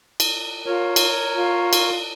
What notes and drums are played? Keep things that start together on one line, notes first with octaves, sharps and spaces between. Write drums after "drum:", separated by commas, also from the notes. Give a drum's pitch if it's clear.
drum: cymbal
F4 A#4 C#5
drum: cymbal
F4
drum: cymbal